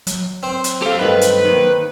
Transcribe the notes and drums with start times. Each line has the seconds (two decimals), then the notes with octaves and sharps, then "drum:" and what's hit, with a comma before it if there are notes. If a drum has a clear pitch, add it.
0.07 F#3, drum: hi-hat
0.43 C4 C5
0.64 drum: hi-hat
0.82 G4 A4 F5
0.99 G2 D#3 A3 B4
1.21 drum: hi-hat
1.45 D#3 A#3